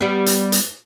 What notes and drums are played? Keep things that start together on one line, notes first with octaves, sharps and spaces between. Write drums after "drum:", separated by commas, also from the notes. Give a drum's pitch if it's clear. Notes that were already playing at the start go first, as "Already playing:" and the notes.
G3 B3
drum: hi-hat
drum: hi-hat